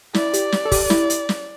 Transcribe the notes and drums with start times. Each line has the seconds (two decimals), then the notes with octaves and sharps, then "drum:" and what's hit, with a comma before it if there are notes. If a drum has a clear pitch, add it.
0.14 E4 D5, drum: snare
0.33 G4, drum: hi-hat
0.52 drum: snare
0.65 A4
0.72 G4, drum: kick, open hi-hat
0.90 E4, drum: snare
1.10 drum: hi-hat
1.29 drum: snare